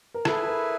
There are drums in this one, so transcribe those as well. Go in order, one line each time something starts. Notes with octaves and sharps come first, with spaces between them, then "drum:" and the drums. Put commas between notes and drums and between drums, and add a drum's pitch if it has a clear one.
A#4
E4 G#4 A4 B4 E5 G#5, drum: rim click
A#4